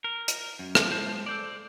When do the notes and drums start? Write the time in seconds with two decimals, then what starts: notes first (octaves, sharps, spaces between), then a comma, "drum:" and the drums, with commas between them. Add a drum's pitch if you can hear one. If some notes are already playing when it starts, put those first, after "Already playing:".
0.04 A#4
0.28 drum: hi-hat
0.59 F#2
0.75 drum: rim click
0.92 G#3 C5 A5
1.26 A4 C5 D5